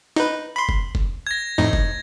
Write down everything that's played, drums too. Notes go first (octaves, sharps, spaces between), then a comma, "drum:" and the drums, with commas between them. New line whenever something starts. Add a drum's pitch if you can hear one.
D#4 B4, drum: snare
B5 C6
drum: kick F#1
drum: kick F#1
G#6 A#6
F2 A2 D#4
drum: kick F#1